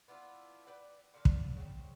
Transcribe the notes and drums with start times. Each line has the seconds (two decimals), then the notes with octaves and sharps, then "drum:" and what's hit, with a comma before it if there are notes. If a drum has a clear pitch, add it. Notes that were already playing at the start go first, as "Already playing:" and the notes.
0.08 B3 D4 E4 F4
0.67 B4 D5 G5
1.14 A#2 D3 F4
1.25 drum: kick
1.57 C#3 C4